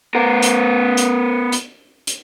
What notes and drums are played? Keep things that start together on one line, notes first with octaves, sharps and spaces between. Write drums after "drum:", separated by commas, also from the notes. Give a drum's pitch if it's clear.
B3 A#4
drum: hi-hat
drum: hi-hat
drum: hi-hat
drum: hi-hat